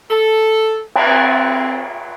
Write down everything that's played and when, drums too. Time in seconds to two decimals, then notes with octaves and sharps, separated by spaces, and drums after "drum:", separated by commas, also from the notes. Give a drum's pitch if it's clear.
0.10 A4
0.95 drum: cymbal
1.08 C4